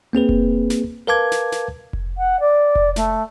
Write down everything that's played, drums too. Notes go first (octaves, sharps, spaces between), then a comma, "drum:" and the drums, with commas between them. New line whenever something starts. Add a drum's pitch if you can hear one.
A#3 C4 G#4 B4
drum: kick F1
drum: snare
A#4 B4 F5 A5 D6 G#6
drum: snare
drum: snare
drum: kick F1
F#5
D5
drum: kick F1
A3, drum: snare